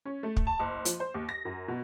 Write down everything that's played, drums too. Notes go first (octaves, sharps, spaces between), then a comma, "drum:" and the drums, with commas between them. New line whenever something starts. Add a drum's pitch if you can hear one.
C#4
A3
drum: kick
A5
F#1
F3, drum: hi-hat
C5
D#2
A#6
F#2
B2